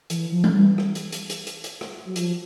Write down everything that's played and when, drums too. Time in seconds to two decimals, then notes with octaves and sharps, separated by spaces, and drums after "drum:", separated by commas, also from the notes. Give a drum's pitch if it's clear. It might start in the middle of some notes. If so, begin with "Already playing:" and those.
0.10 E3, drum: hi-hat
0.32 F3
0.44 drum: tom G3
0.55 E3
0.78 drum: rim click
0.95 drum: hi-hat
1.12 drum: hi-hat
1.30 drum: hi-hat
1.47 drum: hi-hat
1.64 drum: hi-hat
1.81 drum: rim click
2.05 F#3
2.16 F3, drum: hi-hat